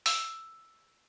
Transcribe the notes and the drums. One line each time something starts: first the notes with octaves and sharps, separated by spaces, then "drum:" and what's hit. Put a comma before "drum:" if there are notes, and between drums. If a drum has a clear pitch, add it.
E6, drum: open hi-hat